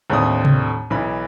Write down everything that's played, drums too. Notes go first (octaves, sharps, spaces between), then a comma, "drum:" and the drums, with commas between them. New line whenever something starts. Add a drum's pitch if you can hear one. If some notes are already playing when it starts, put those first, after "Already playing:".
D#2 A2 A3 C4 D4 D#6
drum: tom C3
B1 E3 B5